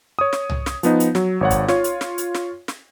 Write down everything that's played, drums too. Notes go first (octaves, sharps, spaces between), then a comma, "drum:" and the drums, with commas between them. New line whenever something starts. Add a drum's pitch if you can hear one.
C#5 D#6
drum: snare
drum: tom C2
drum: snare
F3 B3 D#4, drum: hi-hat
drum: hi-hat
F#3, drum: snare
G#1 C#5 F#5
drum: kick, hi-hat
F4 C#5, drum: snare
drum: hi-hat
drum: snare
drum: hi-hat
drum: snare
drum: snare